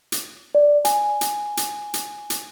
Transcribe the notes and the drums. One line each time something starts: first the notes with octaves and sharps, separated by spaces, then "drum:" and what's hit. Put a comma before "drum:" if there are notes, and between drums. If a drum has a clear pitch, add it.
drum: hi-hat
D5
G#5, drum: hi-hat
drum: hi-hat
drum: hi-hat
drum: hi-hat
drum: hi-hat